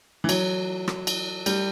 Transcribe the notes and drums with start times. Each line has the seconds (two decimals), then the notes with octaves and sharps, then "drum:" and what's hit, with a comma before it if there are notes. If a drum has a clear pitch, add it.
0.24 E3
0.29 F#3, drum: cymbal
0.88 drum: rim click
1.07 drum: cymbal
1.46 G3, drum: cymbal